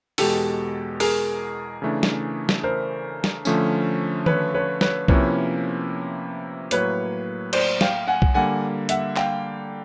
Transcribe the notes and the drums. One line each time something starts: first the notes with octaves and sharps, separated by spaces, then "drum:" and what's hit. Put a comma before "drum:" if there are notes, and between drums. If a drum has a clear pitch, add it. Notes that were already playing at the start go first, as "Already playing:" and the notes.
E2 B2 G#3 G4 A4, drum: open hi-hat
G#4 A#4, drum: open hi-hat
C#3 E3 A3 D4
drum: snare
drum: snare
A#4 C5
drum: snare
D3 F3 A3 C#4, drum: tambourine
B4 C#5, drum: tom D#3
B4 C#5
B4 C#5, drum: snare
C3 F3 A#3 C#4 E4 B4 C#5, drum: kick
A2 F#3 A#3 B4 C#5, drum: hi-hat
C5 D5, drum: cymbal
F5 G5, drum: snare
F#5 G#5
drum: kick
D3 G3 A#3 F#5 G#5
E5 F#5, drum: hi-hat
F5 G5, drum: clap